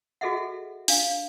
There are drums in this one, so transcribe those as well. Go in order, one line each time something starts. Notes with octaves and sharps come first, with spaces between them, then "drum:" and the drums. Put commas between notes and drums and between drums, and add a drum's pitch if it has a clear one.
F#4 G#4 A4 D#5 E5 F#5
D4 F5, drum: open hi-hat